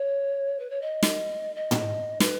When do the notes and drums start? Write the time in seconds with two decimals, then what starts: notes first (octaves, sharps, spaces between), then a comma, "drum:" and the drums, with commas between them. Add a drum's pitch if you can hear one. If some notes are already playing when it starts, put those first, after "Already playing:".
Already playing: C#5
0.59 B4
0.70 C#5
0.81 D#5
1.03 drum: snare
1.56 D#5
1.71 drum: tom
2.20 B4, drum: snare